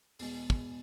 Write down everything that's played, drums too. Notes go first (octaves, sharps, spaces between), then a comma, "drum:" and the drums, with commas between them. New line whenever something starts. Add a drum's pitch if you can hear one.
E2 B2 G#3, drum: open hi-hat
drum: kick